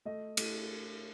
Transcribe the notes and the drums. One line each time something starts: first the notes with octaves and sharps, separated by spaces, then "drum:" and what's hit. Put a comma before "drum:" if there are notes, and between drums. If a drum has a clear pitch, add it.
A3 D#5
A3, drum: cymbal